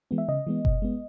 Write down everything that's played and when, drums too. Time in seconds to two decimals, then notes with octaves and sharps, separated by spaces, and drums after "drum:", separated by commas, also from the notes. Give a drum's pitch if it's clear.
0.11 E3 G#3 B3
0.18 E5
0.28 C#3 D#5
0.47 E3 G#3 B3
0.65 B2, drum: kick F#1
0.82 G#3 B3